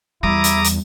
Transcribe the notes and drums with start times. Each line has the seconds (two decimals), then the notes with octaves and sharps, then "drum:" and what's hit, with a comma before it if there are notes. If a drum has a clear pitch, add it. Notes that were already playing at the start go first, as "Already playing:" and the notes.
0.23 E2 G3 E4 A#5 D6 D#6
0.44 drum: hi-hat
0.64 drum: hi-hat